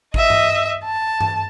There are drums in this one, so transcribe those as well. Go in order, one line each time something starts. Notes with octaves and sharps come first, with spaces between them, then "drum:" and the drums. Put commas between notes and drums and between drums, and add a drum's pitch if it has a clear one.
D#5 E5, drum: kick G#1
drum: tom G2
A5
drum: tom G2